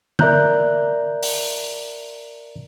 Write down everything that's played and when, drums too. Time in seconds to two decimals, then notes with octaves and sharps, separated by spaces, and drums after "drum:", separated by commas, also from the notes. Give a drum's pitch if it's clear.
0.19 A#4 D5 E5 A#5 F#6 G6, drum: tom
1.23 drum: open hi-hat